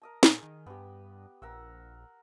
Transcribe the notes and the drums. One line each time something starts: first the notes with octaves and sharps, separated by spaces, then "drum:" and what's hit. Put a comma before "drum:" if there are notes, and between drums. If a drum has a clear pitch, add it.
A#4 D#5 A5
A#2 G#4 D#5, drum: snare
D#3
G2 B3 G4
A#1 A#4 F#5 E6